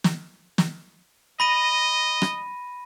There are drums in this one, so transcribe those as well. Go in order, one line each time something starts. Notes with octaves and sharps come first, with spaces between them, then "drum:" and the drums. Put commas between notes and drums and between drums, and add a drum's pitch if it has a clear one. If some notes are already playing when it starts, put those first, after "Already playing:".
drum: snare
drum: snare
D#5 B5 A#6 D#7
drum: rim click